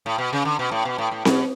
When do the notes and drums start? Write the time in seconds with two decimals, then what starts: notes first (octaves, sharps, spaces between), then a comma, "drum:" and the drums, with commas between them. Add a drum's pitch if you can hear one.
0.06 A2
0.18 B2
0.33 C#3
0.45 D3
0.59 B2
0.71 A2
0.85 B2
0.98 A2
1.12 A2
1.25 B2, drum: snare C4